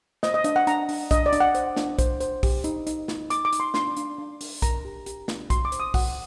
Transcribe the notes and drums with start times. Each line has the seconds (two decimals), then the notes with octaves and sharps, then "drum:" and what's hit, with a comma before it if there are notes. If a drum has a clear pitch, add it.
0.23 C5 D#5, drum: snare
0.34 D#5
0.44 D4 D#5, drum: hi-hat
0.56 F#5
0.67 D4 A#5, drum: hi-hat
0.89 D4, drum: open hi-hat
1.11 D4 D#5, drum: kick B1, hi-hat
1.26 D5
1.33 D4, drum: hi-hat
1.40 F#5
1.55 C5, drum: hi-hat
1.77 D4, drum: snare
1.99 C5, drum: kick B1, hi-hat
2.20 C5, drum: hi-hat
2.43 G4, drum: kick B1, open hi-hat
2.64 D#4, drum: hi-hat
2.87 D#4, drum: hi-hat
3.08 D#4, drum: snare
3.30 D#4 D6, drum: hi-hat
3.45 D6
3.53 D#4, drum: hi-hat
3.60 C6
3.74 D4 C6, drum: snare
3.97 D4, drum: hi-hat
4.18 D4
4.41 D4, drum: open hi-hat
4.62 A#4 A#5, drum: kick B1, hi-hat
4.85 G4
5.06 G4, drum: hi-hat
5.28 D4, drum: snare
5.50 F#4 C6, drum: kick B1, hi-hat
5.65 D6
5.72 C5, drum: hi-hat
5.80 D#6
5.94 F#4 F#5, drum: kick B1, open hi-hat